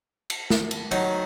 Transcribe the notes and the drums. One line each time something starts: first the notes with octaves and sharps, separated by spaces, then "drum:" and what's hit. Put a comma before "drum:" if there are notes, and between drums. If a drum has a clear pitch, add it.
drum: cymbal
drum: snare
drum: cymbal
D#3 F#3, drum: cymbal